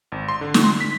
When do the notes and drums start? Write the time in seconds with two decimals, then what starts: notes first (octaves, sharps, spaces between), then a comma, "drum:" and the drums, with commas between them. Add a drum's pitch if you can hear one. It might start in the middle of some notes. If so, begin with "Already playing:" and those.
0.12 G#1
0.29 C6
0.41 D3
0.54 drum: snare
0.64 C6
0.81 B6